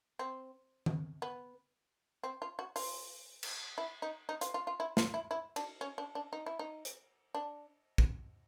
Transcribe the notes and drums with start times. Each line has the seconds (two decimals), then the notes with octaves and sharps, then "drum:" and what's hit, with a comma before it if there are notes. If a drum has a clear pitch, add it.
0.19 C4
0.86 drum: tom D#3
1.22 B3
2.23 C4
2.42 F4
2.59 F#4
2.76 F4, drum: open hi-hat
3.43 drum: cymbal
3.78 E4
4.02 D#4
4.29 D#4
4.41 F4, drum: hi-hat
4.54 F4
4.67 F4
4.80 E4
4.97 F4, drum: snare
5.14 E4
5.31 E4
5.56 D4, drum: cymbal
5.81 C#4
5.98 D4
6.15 D4
6.33 D#4
6.46 E4
6.59 D#4
6.85 drum: hi-hat
7.35 D4
7.98 drum: kick